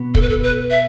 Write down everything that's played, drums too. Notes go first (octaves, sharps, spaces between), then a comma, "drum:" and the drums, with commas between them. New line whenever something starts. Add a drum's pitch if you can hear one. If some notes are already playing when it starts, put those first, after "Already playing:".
Already playing: B2 B3
A4, drum: kick
B4
A4
B4
E5